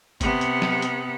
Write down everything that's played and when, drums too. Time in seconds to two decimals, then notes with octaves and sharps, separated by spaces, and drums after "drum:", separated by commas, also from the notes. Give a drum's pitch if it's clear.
0.21 C3 B3, drum: kick, hi-hat
0.41 drum: hi-hat
0.62 drum: snare
0.82 drum: hi-hat